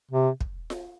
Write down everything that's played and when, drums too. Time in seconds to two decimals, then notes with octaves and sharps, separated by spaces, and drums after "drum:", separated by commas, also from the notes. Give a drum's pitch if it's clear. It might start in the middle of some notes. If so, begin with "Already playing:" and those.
0.11 C3
0.41 drum: kick
0.70 drum: snare F4